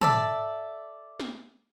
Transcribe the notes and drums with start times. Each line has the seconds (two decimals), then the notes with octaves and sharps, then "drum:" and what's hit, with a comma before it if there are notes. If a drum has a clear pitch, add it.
0.01 A4 D5 E5, drum: tom
1.20 drum: snare